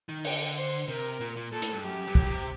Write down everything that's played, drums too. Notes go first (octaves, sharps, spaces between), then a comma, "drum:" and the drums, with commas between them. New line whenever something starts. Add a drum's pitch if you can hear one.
D#3
D3 G5, drum: open hi-hat
C5
C3 A#4
A#2
A#2
A#2 A4
A2, drum: hi-hat
G2
F#2 G4
G2
F#2, drum: kick
A#2
C3